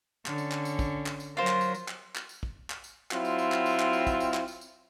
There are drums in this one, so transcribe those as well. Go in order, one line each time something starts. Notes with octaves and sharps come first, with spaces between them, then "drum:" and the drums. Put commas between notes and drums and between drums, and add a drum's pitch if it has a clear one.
D3 C#4, drum: clap
drum: tambourine
drum: clap
drum: tambourine
drum: kick, tambourine
drum: clap
drum: tambourine
F#3 F4 A#4 C5
drum: clap
drum: tambourine
drum: tambourine
drum: clap
drum: clap
drum: tambourine
drum: kick
drum: clap
drum: tambourine
F#3 C4 E4 F4, drum: clap
drum: tambourine
drum: tambourine
drum: clap
drum: tambourine
drum: clap
drum: tambourine
drum: kick, tambourine
drum: tambourine
drum: clap
drum: tambourine
drum: tambourine